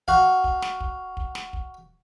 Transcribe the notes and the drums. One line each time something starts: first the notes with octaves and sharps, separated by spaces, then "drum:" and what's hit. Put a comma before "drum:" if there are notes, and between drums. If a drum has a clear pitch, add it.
F#4 F5, drum: kick
drum: kick
drum: snare
drum: kick
drum: kick
drum: snare
drum: kick